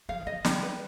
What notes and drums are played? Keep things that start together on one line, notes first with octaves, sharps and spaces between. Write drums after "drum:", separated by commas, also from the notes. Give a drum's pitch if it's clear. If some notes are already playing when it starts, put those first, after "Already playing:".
F3 F5
D#3
F3 D#5
G3, drum: snare
B4